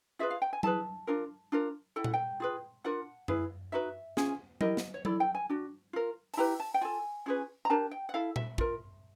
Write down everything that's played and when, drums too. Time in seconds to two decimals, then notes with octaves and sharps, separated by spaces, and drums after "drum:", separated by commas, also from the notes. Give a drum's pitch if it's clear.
0.19 F4 G#4 B4 E5
0.30 F5
0.42 G5
0.53 G#5
0.63 E4 G#4 B4 A5, drum: tom F#3
1.07 D4 F4 A#4
1.52 D4 F4 A#4
1.96 E4 A4 G5
2.04 F#5, drum: tom A#2
2.14 G5
2.40 F4 G#4 B4
2.84 D4 F4 A#4 F#5
3.28 E4 G#4 B4, drum: tom F#2
3.72 D#4 F#4 B4 E5
4.17 C#4 F4 G#4, drum: snare
4.61 E4 G4 A#4 D#5, drum: tom F#3
4.77 drum: snare
4.94 C#5
5.05 E4 A4 D5, drum: tom F#3
5.20 G5
5.35 G#5
5.50 D4 F#4
5.93 F4 A#4
6.34 A5, drum: open hi-hat
6.37 E4 G4 B4 A#5
6.60 A5
6.74 G5
6.81 F4 A4 G#5
7.26 C#4 F4 G#4 B4
7.65 A#5
7.70 D4 G4 A#4 A5
7.91 G5
8.09 F#5
8.14 E4 A4 F5
8.36 E5, drum: tom A#2
8.58 F4 A#4, drum: kick